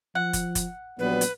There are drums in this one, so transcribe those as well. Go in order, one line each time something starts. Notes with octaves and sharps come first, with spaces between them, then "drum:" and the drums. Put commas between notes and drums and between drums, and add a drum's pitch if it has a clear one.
F3 F#5
drum: kick, hi-hat
drum: kick, hi-hat
A#1 F#3 G3 B3 B4
drum: hi-hat